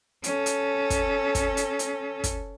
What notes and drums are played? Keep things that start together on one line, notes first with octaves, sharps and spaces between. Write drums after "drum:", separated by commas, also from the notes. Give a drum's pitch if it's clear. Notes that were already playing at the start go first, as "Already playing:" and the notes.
C#4 A4, drum: hi-hat
drum: hi-hat
drum: kick, hi-hat
drum: kick, hi-hat
drum: hi-hat
drum: hi-hat
drum: kick, hi-hat